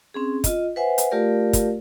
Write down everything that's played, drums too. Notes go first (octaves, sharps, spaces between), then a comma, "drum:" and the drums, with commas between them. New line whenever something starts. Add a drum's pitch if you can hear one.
C4 C#4 G#4
F4 D#5, drum: kick, hi-hat
B4 C5 E5 F#5 G#5
drum: hi-hat
A3 F4 G4 A#4 D5 F5
drum: kick, hi-hat